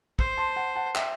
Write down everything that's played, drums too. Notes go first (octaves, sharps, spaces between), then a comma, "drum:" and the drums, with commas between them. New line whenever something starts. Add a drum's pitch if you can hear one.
C5, drum: kick
A5 C6
F#5 A5
F#5 A5
E5 G5, drum: clap